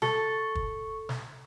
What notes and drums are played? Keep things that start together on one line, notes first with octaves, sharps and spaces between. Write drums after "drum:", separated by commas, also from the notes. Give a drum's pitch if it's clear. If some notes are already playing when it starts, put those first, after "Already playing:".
A4 C#6, drum: snare
drum: kick
drum: snare